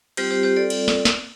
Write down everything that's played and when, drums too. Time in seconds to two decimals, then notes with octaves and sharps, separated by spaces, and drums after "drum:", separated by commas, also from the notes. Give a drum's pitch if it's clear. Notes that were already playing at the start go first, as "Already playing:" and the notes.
0.17 G3 C4 F4 G4 C5, drum: cymbal
0.31 G4 C5
0.43 G4 C5
0.57 A4 D5
0.70 drum: cymbal
0.88 drum: snare
1.05 drum: snare